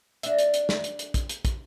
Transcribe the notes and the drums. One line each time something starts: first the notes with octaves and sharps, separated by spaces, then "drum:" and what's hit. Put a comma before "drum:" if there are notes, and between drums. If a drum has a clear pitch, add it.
D4 E5, drum: hi-hat
drum: hi-hat
drum: hi-hat
drum: snare
drum: hi-hat
drum: hi-hat
drum: kick, hi-hat
drum: hi-hat
drum: kick, hi-hat